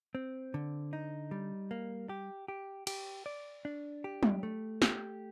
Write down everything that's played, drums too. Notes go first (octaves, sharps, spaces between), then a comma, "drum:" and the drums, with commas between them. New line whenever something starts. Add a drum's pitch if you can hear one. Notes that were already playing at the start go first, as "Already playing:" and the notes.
C4
D3
D#4
G3
A#3
G4
G4
G4, drum: cymbal
D5
D4
G4
drum: tom
A3
G4, drum: snare